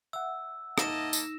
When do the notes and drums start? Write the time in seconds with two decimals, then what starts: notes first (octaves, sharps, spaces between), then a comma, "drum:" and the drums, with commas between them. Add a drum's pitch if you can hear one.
0.13 E5 F#5 E6
0.78 A#3 D#4 D#5 A5 A#6 E7, drum: rim click
1.13 drum: tambourine